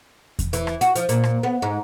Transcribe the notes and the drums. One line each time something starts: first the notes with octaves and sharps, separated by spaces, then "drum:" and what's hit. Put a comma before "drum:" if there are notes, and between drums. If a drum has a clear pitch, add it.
drum: kick E2, hi-hat
E3, drum: hi-hat
drum: rim click
F#4, drum: hi-hat
F3, drum: hi-hat
A#2, drum: hi-hat
drum: rim click
B3
G#2